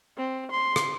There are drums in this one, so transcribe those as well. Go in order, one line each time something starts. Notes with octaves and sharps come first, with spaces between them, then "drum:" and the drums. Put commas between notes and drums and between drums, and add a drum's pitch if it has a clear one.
C4
C6
drum: rim click